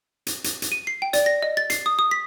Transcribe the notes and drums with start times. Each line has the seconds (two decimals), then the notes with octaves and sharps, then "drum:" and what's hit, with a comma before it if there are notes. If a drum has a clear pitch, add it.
0.27 drum: hi-hat
0.44 drum: hi-hat
0.62 drum: hi-hat
0.72 D#7
0.87 C7
1.02 G5
1.13 D5, drum: hi-hat
1.26 A#6
1.43 D#5
1.57 A6
1.70 C7, drum: hi-hat
1.86 D#6
1.99 D#6
2.11 B6